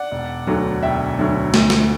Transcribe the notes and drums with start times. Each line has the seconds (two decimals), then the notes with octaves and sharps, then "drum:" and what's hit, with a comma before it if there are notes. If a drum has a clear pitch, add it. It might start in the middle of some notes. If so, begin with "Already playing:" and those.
Already playing: D5 F#5
0.11 E1
0.47 D2 D3 F#3 A3
0.83 E1 E5 G5
1.18 D2 D3 F#3 A3
1.54 D2, drum: snare
1.70 drum: snare